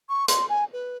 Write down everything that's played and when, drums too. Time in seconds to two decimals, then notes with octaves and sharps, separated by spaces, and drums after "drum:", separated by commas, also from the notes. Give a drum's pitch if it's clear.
0.09 C#6
0.28 C6, drum: hi-hat
0.49 G#5
0.73 B4